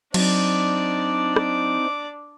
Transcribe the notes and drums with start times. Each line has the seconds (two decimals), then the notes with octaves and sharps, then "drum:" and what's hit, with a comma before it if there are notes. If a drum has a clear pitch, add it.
0.14 F#3 C4 D4 D#4 D5, drum: cymbal
1.36 D6, drum: rim click